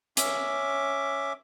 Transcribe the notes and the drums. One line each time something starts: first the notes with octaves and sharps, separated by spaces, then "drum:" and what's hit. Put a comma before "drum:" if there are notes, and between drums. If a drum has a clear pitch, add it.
C#4 E5 D6, drum: hi-hat